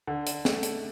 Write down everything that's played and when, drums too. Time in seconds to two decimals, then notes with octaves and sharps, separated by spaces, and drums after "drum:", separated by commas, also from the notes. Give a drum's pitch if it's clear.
0.07 D3
0.26 drum: hi-hat
0.45 A3, drum: snare
0.63 drum: hi-hat